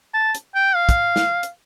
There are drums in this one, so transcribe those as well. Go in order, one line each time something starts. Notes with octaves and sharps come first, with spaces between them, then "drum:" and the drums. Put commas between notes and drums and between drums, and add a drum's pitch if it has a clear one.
A5
drum: hi-hat
G5
F5
drum: kick, hi-hat
drum: snare
drum: hi-hat